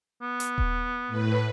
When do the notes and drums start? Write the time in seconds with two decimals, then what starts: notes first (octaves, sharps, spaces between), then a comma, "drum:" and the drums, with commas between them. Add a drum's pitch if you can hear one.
0.22 B3
0.40 drum: hi-hat
0.58 drum: kick D#1
1.08 A2 B4